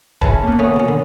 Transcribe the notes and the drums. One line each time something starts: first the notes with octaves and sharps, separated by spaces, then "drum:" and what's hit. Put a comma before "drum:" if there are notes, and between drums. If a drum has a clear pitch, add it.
G#3 C#4 E4 B4 A5, drum: kick E1
A#3 B3
A3 C#4 C#5 D#6
B2 C#4
D3